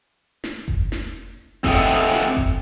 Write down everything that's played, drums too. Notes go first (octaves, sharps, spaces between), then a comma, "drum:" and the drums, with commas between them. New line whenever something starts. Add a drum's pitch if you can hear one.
drum: snare
drum: kick F#1
drum: snare
C4 A4 D#5 E5 F#5 G5, drum: kick F#1
drum: snare
drum: kick F#1